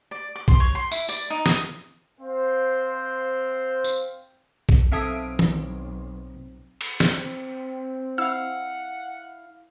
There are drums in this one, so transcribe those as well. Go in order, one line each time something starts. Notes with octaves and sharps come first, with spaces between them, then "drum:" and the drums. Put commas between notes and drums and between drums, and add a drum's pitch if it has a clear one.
D5
D6
C6, drum: kick
C#5
C6
E4, drum: tambourine
D5, drum: tambourine
D#4
D#6, drum: snare
C4 C5 F5
drum: tambourine
drum: kick
B1 C4 A4 E5 F5 G#5 D#6 D7
drum: tom D#3
drum: cymbal
C4, drum: snare
E4 F5 F#5 E6